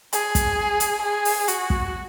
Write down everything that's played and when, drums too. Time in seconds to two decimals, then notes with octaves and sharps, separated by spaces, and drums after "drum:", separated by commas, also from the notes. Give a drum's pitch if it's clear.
0.13 G#4, drum: hi-hat
0.35 drum: kick, hi-hat
0.80 drum: hi-hat
1.02 G#4
1.25 drum: open hi-hat
1.48 F#4, drum: hi-hat
1.70 drum: kick